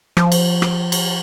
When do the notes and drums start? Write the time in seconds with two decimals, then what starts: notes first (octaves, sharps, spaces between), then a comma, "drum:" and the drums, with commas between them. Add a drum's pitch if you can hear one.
0.17 F3, drum: rim click
0.32 drum: cymbal
0.62 drum: rim click
0.92 drum: cymbal